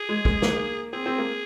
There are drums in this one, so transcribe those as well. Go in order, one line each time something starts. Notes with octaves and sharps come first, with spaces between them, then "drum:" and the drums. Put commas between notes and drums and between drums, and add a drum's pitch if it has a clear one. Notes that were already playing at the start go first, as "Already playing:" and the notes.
Already playing: G#4
G#3
G#3, drum: kick
A#3, drum: snare
C4 G#4
C4
A#3